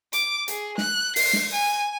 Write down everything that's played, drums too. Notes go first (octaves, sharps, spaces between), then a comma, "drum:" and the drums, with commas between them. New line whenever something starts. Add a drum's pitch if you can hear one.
D6, drum: hi-hat
G#4, drum: hi-hat
F#6, drum: snare
C7, drum: open hi-hat
drum: snare
G#5